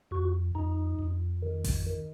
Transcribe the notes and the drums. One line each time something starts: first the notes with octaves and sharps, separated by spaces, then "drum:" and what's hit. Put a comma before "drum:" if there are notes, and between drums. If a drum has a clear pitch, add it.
F2 F#4
F2 D#4
F2
D#3
drum: kick A1, open hi-hat
D#3